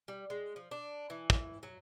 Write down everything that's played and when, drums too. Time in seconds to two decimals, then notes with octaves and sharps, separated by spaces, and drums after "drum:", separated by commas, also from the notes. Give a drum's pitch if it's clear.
0.08 G3
0.30 G#3
0.56 F3
0.71 D4
1.10 E3
1.30 drum: kick
1.63 F#3